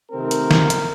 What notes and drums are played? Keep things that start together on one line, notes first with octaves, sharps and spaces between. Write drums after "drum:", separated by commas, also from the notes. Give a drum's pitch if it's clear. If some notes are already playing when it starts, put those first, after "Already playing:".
C3 D#3 A3 C4 A#4
drum: hi-hat
drum: snare
drum: hi-hat